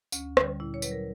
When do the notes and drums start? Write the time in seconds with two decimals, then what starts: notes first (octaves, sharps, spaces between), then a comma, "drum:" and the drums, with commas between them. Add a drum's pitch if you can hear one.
0.12 D2 C#4, drum: tambourine
0.37 D3 G3, drum: rim click
0.60 A#2 E4
0.74 C#5
0.82 F#3 B4, drum: tambourine
0.91 A#4